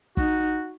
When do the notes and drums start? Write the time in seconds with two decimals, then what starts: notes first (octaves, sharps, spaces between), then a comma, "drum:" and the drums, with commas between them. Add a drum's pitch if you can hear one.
0.17 D#4 F#4, drum: kick